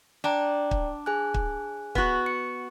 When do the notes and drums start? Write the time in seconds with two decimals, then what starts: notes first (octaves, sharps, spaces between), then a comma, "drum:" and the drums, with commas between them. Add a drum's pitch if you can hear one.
0.24 D4 D5 G5 A#5
0.71 drum: kick
1.06 G#4 G#5 F#6
1.34 drum: kick
1.95 B3 F#4, drum: kick
2.26 C#7